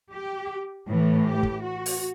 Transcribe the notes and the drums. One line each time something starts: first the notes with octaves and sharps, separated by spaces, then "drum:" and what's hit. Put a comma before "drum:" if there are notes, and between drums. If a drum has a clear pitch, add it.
G4
A2 E3 A3
G4
drum: kick
F#4
drum: open hi-hat